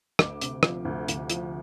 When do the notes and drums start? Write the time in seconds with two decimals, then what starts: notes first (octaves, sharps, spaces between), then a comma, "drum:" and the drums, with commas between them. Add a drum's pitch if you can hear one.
0.19 D2 D6, drum: rim click
0.41 C3, drum: hi-hat
0.63 F3, drum: rim click
0.85 D2
1.08 D2, drum: hi-hat
1.30 F3, drum: hi-hat